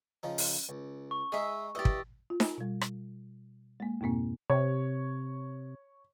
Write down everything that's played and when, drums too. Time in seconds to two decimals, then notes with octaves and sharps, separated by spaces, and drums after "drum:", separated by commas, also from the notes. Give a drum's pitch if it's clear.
0.23 C#3 F3 D#4
0.38 drum: open hi-hat
0.69 C#2
1.11 C#6
1.32 G#3 D#4 G#4 E5
1.75 G2 E4 G4 D#5 E6 A6
1.85 drum: kick
2.30 F4
2.40 drum: snare D#4
2.58 B2 G3
2.81 drum: rim click
3.80 G#3 A#3
4.01 F2 G#2 B2 A#3 C4
4.50 C3 C#5